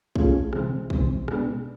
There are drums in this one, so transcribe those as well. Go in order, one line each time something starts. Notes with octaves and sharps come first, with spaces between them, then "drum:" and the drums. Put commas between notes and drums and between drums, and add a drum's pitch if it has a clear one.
A3 C#4 F4 G#4, drum: kick
C3 E3 G#3 C4, drum: rim click
C3 E3 G#3 C4, drum: kick
B2 G#3 B3 D4, drum: rim click